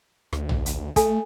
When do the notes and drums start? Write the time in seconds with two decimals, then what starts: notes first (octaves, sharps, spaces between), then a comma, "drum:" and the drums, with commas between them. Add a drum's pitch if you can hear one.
0.33 D2, drum: rim click
0.49 drum: tom A#1
0.66 drum: hi-hat
0.96 A3 A4 G#5, drum: kick, hi-hat